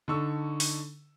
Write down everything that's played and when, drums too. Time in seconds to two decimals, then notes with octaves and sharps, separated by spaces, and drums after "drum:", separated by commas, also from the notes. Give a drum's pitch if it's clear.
0.08 D3 D#4 A4 C#6 E6
0.60 drum: open hi-hat